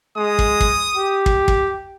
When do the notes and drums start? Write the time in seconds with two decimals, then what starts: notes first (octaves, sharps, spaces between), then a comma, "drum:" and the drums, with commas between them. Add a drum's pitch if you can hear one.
0.17 G#3 D#6
0.39 drum: kick
0.60 drum: kick
0.96 G4
1.26 drum: kick
1.48 drum: kick